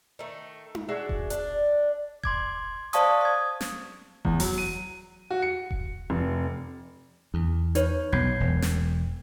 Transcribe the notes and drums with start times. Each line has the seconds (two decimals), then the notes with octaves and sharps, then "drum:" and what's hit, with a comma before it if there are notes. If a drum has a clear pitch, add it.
0.19 D#3 A3
0.75 drum: tom D#4
0.88 D4 F#4 G#4 E5
1.09 drum: kick E1
1.30 D4, drum: hi-hat
2.24 C6 D6 G#6, drum: kick E1
2.93 C5 D5 F5 A5 C#6 D#6, drum: hi-hat
3.21 D#6 G#6
3.61 drum: snare
4.25 E2, drum: kick E1
4.40 F#3, drum: open hi-hat
4.58 D#7
5.30 F#4
5.42 C#7
5.71 drum: kick E1
6.10 F1
7.34 E2
7.75 D#4 B4 C#5, drum: hi-hat
8.13 B1 B2 G6 G#6 C7
8.40 E1
8.62 drum: snare